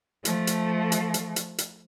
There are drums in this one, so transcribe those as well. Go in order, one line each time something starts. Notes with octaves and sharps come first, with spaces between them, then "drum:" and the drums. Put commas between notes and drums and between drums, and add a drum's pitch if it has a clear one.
F3 A3, drum: hi-hat
drum: hi-hat
drum: hi-hat
drum: hi-hat
drum: hi-hat
drum: hi-hat